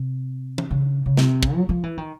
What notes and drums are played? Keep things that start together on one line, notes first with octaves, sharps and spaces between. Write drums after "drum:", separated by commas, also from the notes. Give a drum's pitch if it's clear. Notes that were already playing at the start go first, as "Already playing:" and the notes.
Already playing: C3
drum: tom E3
C#3
C#3
C3, drum: snare
drum: kick
F#3
F3
E3
D#3